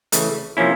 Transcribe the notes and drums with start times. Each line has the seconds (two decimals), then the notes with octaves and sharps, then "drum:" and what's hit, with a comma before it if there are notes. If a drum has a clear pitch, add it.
0.12 C#3 E3 A3, drum: hi-hat
0.57 C3 F3 A#3 C#4 E4